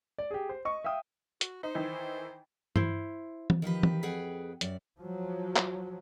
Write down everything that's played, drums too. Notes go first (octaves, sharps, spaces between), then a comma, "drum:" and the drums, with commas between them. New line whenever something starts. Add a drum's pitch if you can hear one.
D5
G4 G#4
C5
D#5 C#6
E5 F5 G5 D#6
F#4, drum: hi-hat
D#4 C5
D#3 E3
E4 C5, drum: tom G2
drum: tom E3
D#3 F3 G4 B4
drum: tom E3
F2 G#4 B4 F#5 G5
F#2 D5, drum: hi-hat
F3 F#3
drum: clap